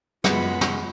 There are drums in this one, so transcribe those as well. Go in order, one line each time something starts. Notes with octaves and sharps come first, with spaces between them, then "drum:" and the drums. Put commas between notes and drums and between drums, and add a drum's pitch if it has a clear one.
F#2 G#3 B3 F4 G#4 F#5 B5 C#7, drum: snare
drum: snare